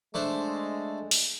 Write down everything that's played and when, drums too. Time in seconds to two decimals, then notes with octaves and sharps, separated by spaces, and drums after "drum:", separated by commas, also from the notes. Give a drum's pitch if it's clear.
0.14 G#3 A3 D4 C5
1.11 drum: open hi-hat